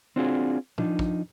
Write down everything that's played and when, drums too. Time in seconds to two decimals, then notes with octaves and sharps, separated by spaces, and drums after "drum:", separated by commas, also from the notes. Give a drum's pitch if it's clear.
0.16 C4 D4 F4 F#4 G#4
0.78 F3 D4 D#4, drum: tom
0.99 drum: kick